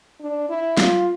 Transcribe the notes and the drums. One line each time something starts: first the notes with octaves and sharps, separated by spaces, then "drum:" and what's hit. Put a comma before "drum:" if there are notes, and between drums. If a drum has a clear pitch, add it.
D4
E4
F4, drum: snare